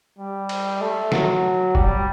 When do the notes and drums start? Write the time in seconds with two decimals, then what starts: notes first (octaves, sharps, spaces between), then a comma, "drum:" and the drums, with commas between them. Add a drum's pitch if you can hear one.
0.18 G3
0.49 drum: cymbal
0.81 A3
1.12 F#3, drum: snare
1.75 G3, drum: kick